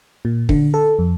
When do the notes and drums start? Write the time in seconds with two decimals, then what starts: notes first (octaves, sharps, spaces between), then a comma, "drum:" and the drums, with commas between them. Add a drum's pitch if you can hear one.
0.25 A#2
0.49 D3, drum: kick
0.74 A4
0.99 F2